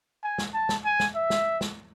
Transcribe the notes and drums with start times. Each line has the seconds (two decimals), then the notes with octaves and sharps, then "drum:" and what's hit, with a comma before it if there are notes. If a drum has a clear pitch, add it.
0.23 G#5
0.38 drum: snare
0.54 A5
0.69 drum: snare
0.85 G#5
1.00 drum: snare
1.15 E5
1.30 drum: snare
1.61 drum: snare